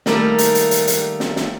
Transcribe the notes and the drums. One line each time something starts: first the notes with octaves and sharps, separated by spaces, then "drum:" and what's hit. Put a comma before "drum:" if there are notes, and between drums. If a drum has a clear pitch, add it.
D#3 G3 A3 A#3 D#4 A#4, drum: snare
drum: hi-hat
drum: hi-hat
drum: hi-hat
drum: hi-hat
drum: snare
drum: snare